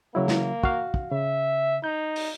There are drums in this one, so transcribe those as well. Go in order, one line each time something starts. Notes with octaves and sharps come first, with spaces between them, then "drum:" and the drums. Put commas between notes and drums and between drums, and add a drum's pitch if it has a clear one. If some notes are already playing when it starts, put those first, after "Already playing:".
C#3 F#3 A#3 E4
drum: snare
F#4 F5, drum: kick
drum: kick
C#3 E5
D#4 G6
drum: open hi-hat